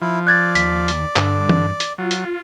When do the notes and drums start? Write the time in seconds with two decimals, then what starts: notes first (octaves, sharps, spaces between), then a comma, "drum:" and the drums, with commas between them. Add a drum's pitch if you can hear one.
0.01 F3 E4
0.27 D5 F#6 G#6 A6
0.55 D#2 B6, drum: hi-hat
0.88 drum: hi-hat
1.16 G2 D3, drum: clap
1.49 drum: tom E3
1.80 drum: hi-hat
1.98 F#3 F4
2.11 drum: hi-hat